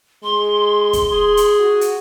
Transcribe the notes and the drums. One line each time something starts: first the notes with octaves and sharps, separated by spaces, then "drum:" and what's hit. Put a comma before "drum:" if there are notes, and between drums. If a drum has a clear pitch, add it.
G#3 C6
drum: kick, hi-hat
G#4
drum: hi-hat
F#4
drum: hi-hat